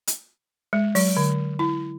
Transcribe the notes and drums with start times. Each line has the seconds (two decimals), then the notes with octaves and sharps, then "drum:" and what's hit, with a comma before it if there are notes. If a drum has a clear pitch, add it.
0.07 drum: hi-hat
0.73 G#3
0.95 F#3, drum: open hi-hat
1.17 D3
1.59 E4